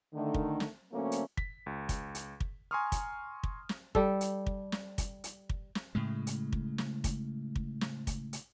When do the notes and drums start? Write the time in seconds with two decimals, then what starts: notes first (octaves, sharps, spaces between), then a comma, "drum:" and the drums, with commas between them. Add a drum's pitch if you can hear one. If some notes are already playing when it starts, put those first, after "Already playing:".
0.14 D3 D#3 A3
0.34 drum: kick
0.60 drum: snare
0.93 D3 F#3 A3 A#3 C4 C#4
1.12 drum: hi-hat
1.37 B6, drum: kick
1.66 C#2
1.89 drum: kick, hi-hat
2.15 drum: hi-hat
2.40 drum: kick
2.71 G#5 A#5 C6 C#6 D#6 F6
2.92 drum: kick, hi-hat
3.43 drum: kick
3.69 drum: snare
3.95 G3 A4, drum: kick
4.21 drum: hi-hat
4.46 drum: kick
4.72 drum: snare
4.98 drum: kick, hi-hat
5.24 drum: hi-hat
5.49 drum: kick
5.75 drum: snare
5.95 A2 C#3 G#3
6.27 drum: hi-hat
6.53 drum: kick
6.78 drum: snare
7.04 drum: kick, hi-hat
7.56 drum: kick
7.81 drum: snare
8.07 drum: kick, hi-hat
8.33 drum: hi-hat